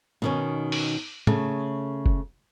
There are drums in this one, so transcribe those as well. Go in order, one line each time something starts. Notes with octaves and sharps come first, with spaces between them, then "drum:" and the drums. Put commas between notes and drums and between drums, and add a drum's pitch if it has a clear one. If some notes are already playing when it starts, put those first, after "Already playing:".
B2 D#3 C#4
drum: open hi-hat
C#3 A3, drum: tom
drum: kick F#1